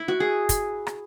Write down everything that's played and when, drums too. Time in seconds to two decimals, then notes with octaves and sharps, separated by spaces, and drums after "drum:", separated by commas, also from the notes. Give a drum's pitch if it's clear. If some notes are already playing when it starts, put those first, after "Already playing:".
Already playing: E4
0.08 F#4
0.20 G#4
0.49 drum: kick, hi-hat
0.87 drum: rim click